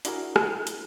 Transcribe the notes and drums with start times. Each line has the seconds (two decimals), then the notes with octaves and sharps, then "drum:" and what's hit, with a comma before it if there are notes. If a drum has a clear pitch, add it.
0.05 D4 E4 F#4 G#4 A#4, drum: hi-hat
0.36 drum: rim click
0.67 drum: hi-hat